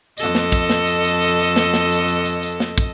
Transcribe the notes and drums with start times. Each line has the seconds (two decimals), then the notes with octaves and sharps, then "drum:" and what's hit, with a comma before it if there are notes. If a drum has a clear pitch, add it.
0.18 F2 A4 D#5, drum: tambourine
0.35 drum: snare
0.52 drum: kick, tambourine
0.70 drum: snare
0.87 drum: tambourine
1.04 drum: tambourine
1.22 drum: tambourine
1.39 drum: tambourine
1.56 drum: snare
1.74 drum: snare
1.91 drum: tambourine
2.08 drum: tambourine
2.26 drum: tambourine
2.43 drum: tambourine
2.60 drum: snare
2.78 drum: kick, tambourine